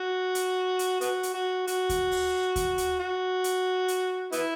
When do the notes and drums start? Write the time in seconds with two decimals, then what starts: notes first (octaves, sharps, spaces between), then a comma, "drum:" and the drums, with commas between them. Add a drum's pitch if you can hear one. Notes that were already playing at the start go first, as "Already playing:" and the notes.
Already playing: F#4
0.35 drum: hi-hat
0.79 drum: hi-hat
1.01 B3 F#4, drum: hi-hat
1.23 drum: hi-hat
1.34 F#4
1.67 F#4, drum: hi-hat
1.89 drum: kick D#2, hi-hat
2.12 drum: open hi-hat
2.56 drum: kick D#2, hi-hat
2.78 drum: hi-hat
3.00 F#4
3.44 drum: hi-hat
3.88 drum: hi-hat
4.32 B3 E4, drum: hi-hat